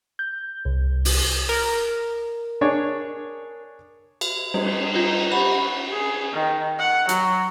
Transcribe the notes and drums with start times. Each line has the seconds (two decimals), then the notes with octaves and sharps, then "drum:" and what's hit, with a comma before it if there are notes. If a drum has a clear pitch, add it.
0.19 G6
0.65 C2
1.05 drum: open hi-hat
1.49 A#4
2.61 D4 G#4 C#5
4.21 drum: cymbal
4.54 G3 D#5, drum: cymbal
4.95 D#4 F4
5.32 F#4 G4 C5 B5
5.93 G#4
6.33 D#3
6.79 F#5
7.09 F#3, drum: hi-hat